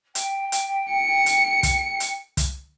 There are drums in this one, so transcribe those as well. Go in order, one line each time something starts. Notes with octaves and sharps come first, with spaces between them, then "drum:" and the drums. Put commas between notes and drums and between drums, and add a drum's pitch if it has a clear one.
G5, drum: hi-hat
drum: hi-hat
C#7
drum: hi-hat
drum: kick, hi-hat
drum: hi-hat
drum: kick, hi-hat